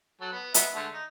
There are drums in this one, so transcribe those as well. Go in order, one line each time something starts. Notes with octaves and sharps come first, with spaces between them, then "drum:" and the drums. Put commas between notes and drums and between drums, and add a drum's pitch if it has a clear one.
F#3 A4
B3
B3 D#5 E5, drum: hi-hat
D3 G#3 A3
D#4